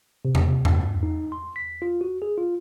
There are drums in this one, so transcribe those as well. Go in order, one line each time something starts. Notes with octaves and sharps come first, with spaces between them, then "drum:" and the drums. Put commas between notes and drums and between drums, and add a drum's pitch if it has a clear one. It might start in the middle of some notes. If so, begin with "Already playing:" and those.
C3
drum: tom E2
C3
G2, drum: tom E2
D#4
C6
B6
F4
F#4
G#4
F4